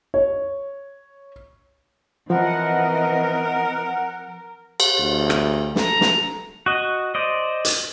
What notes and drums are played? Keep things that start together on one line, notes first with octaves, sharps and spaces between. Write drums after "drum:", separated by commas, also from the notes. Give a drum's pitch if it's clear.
C#5
E3 F3 C4 A#4 D#5 F#5
drum: cymbal
D2
drum: rim click
A4 A#5, drum: snare
drum: snare
F#4 D#5
C5 D5 D#5
drum: hi-hat